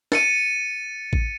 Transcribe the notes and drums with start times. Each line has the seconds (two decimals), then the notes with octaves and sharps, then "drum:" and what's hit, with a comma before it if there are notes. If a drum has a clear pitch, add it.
0.12 A6 C#7 D#7, drum: snare
1.13 drum: kick A1